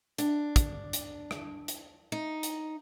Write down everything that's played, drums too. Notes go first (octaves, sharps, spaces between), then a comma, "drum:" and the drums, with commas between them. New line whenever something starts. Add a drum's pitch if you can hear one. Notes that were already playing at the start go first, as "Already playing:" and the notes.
D4, drum: hi-hat
drum: kick, hi-hat
drum: hi-hat
drum: rim click
drum: hi-hat
D#4
drum: hi-hat